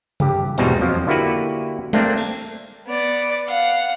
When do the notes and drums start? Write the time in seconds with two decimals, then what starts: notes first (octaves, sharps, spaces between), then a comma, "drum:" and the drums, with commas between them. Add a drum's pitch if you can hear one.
0.20 G2 G4, drum: tom C3
0.58 E2 G#2 B2 G3 C4 D#4, drum: hi-hat
0.81 F2 F3 F#3
1.07 D3 A#3 E4 F#4 G4 B4
1.93 A3 A#3 C4 D4, drum: snare
2.17 drum: cymbal
2.87 B3 D5
3.48 F5 F#5, drum: hi-hat